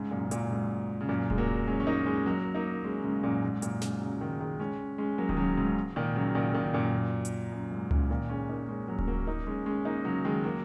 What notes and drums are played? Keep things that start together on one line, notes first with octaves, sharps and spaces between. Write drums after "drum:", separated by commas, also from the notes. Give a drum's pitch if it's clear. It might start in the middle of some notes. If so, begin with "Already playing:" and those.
Already playing: G#2 C#3
F#2 A#2
C#3
F#2 A#2, drum: hi-hat
G#2
C#3
F#2 A#2
G#3, drum: kick D1
F#3 A#3
G#3 C#4
C#4
A#3 D#4
G#3 C#4
F#3 A#3
A#3 D#4
G#3 C#4
G#2 C#3
F#2 A#2
G#2
F#2 A#2, drum: hi-hat
G#2 C#3, drum: snare
C#3 F#3
D#3 G#3
D#3 G#3
G#3 C#4
G#3 C#4
F#3 A#3
D#3, drum: kick D1
C#3 F#3
G#2 C#3
A#2 D#3
C#3 F#3
A#2 D#3
A#2 D#3
F#2 A#2
drum: hi-hat
F#2
G#2
G#2 C#3, drum: tom C#2
A#2 D#3
G#3 C#4
A#3 D#4
G#3 C#4
F#3 A#3
C#4, drum: kick D1
F#3 A#3
A#3 D#4
G#3 C#4
G#3 C#4
A#3 D#4
C#3 F#3
D#3 G#3
F#3 A#3